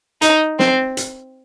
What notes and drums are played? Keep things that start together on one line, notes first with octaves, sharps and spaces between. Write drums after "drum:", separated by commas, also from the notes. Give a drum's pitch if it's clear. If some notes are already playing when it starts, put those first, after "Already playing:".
D#4, drum: hi-hat
C4, drum: snare
drum: hi-hat